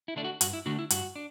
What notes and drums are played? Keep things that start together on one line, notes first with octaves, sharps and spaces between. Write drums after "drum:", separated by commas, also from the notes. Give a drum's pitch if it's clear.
E4
D3 A3 D4
F#4
G2 F#4, drum: hi-hat
E4
D3 A3 D4 F#4
E4
G2 F#4, drum: hi-hat
D4